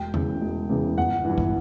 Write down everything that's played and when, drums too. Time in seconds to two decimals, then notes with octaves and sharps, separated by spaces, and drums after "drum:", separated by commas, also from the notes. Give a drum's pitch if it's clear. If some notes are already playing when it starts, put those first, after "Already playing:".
Already playing: E1 G5
0.14 E2 C#3 E3, drum: tom E2
0.41 E1
0.69 E2 C#3 E3
0.98 G1 F#5
1.25 G2 E3
1.38 drum: kick